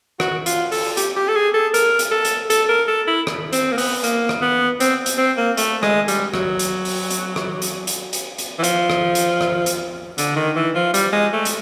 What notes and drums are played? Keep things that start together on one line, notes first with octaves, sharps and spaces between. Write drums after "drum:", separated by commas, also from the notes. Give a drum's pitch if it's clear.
F#4, drum: rim click
F4, drum: hi-hat
A4, drum: open hi-hat
G4, drum: hi-hat
G4
A4
G#4
A4
A#4, drum: hi-hat
drum: hi-hat
A4
drum: hi-hat
A4, drum: hi-hat
A#4
A4
E4
drum: rim click
C4, drum: hi-hat
A#3
B3, drum: open hi-hat
A#3, drum: hi-hat
drum: rim click
B3
C4, drum: hi-hat
drum: hi-hat
C4
A#3
A3, drum: hi-hat
G#3, drum: rim click
G3, drum: hi-hat
F#3, drum: rim click
drum: hi-hat
drum: open hi-hat
drum: hi-hat
drum: rim click
drum: hi-hat
drum: hi-hat
drum: hi-hat
drum: hi-hat
E3
F3, drum: hi-hat
drum: rim click
drum: hi-hat
drum: rim click
drum: hi-hat
D3, drum: hi-hat
D#3
E3
F3
G3, drum: hi-hat
G#3
A3
drum: hi-hat